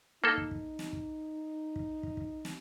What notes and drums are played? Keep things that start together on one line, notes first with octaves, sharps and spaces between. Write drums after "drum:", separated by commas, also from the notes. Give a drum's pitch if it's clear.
A#3 D#4 A4
drum: kick
drum: kick
drum: snare
drum: kick
drum: kick
drum: kick
drum: kick
drum: snare